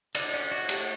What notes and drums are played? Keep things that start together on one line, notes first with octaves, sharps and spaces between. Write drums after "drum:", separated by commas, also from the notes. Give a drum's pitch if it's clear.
D3 D5, drum: cymbal
C#4 D5
F#4 D5
A3 G4, drum: cymbal